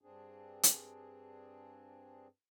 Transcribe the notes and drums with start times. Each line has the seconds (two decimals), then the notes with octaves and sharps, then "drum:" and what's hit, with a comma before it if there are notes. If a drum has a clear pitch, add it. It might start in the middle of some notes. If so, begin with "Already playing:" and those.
0.02 G2 C4 D4 G#4
0.63 drum: hi-hat